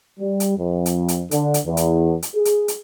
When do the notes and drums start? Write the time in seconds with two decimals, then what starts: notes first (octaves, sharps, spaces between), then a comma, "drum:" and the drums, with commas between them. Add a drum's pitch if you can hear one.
0.20 G3
0.40 drum: hi-hat
0.58 F2
0.86 drum: hi-hat
1.08 drum: hi-hat
1.31 D3, drum: hi-hat
1.54 drum: hi-hat
1.66 E2
1.77 drum: hi-hat
2.22 drum: hi-hat
2.36 G#4
2.45 drum: hi-hat
2.68 drum: hi-hat